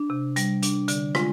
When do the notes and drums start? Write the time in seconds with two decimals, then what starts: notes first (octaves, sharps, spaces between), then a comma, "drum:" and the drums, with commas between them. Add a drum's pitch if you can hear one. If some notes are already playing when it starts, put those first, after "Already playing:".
Already playing: D4
0.10 C3
0.36 G3, drum: hi-hat
0.63 D4, drum: hi-hat
0.88 D3, drum: hi-hat
1.15 G#3 F4, drum: rim click